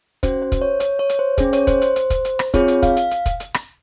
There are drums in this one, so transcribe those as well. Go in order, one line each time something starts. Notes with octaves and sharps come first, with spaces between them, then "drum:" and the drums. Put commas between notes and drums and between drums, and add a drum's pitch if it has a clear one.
C#4 F#4 C5, drum: kick, hi-hat
C5
drum: kick, hi-hat
C#5
C#5, drum: hi-hat
C#5
drum: hi-hat
C5
C#4 G#4 C5, drum: kick, hi-hat
C#5, drum: hi-hat
C5, drum: kick, hi-hat
C5, drum: hi-hat
drum: hi-hat
drum: kick, hi-hat
drum: hi-hat
drum: rim click
C4 F4 G#4 C#5, drum: kick, hi-hat
drum: hi-hat
F5, drum: kick, hi-hat
F5, drum: hi-hat
drum: hi-hat
drum: kick, hi-hat
drum: hi-hat
drum: rim click